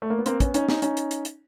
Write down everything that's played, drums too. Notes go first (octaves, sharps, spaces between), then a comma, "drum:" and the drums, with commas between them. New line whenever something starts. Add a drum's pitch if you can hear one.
A3
A#3
B3
A#3 C4, drum: hi-hat
B3 C#4, drum: kick, hi-hat
C#4 D#4, drum: hi-hat
C#4 D#4, drum: snare
C#4 D#4, drum: hi-hat
drum: hi-hat
drum: hi-hat
drum: hi-hat